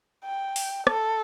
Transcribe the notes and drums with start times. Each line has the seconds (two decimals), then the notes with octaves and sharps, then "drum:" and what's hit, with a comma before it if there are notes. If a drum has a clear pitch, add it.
0.25 G5
0.56 drum: open hi-hat
0.87 A4, drum: rim click